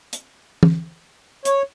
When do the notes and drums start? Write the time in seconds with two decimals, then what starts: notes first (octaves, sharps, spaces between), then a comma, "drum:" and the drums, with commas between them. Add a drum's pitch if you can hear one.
0.13 drum: hi-hat
0.63 drum: tom
1.45 C#5, drum: hi-hat